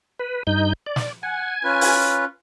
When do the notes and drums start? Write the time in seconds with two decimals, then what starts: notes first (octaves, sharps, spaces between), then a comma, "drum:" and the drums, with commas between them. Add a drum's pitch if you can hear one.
0.19 B4
0.47 G2 D#4 G6
0.86 D5
0.96 drum: snare
1.23 F#5 G#5
1.64 C#4 F4 B4
1.81 drum: open hi-hat